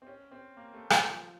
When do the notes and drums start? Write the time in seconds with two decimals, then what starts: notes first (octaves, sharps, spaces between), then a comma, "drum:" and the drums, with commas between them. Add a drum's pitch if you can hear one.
0.02 C4
0.07 C#4
0.32 C4
0.57 A#3
0.74 A3
0.90 A3, drum: rim click
1.07 F3